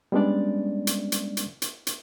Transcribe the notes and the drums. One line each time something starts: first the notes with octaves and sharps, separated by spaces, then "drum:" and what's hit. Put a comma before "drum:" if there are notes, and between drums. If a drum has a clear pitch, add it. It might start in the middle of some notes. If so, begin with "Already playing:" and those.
G3 G#3 B3 C#4 D4 D5
drum: hi-hat
drum: hi-hat
drum: hi-hat
drum: hi-hat
drum: hi-hat